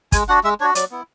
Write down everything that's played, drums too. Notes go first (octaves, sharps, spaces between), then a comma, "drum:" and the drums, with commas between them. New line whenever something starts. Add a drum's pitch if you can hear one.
G#3 G#5, drum: kick, hi-hat
D4 F#4 F#5
G#3 E5
D4 F#4 C#5
F#3 D5, drum: hi-hat
B3 E4